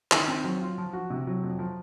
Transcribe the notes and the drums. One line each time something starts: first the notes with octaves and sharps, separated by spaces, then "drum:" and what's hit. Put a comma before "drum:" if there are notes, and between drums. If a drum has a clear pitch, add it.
D#3, drum: clap
C4
F#3
F4
F3
F#4
C3
F#3
F2
F3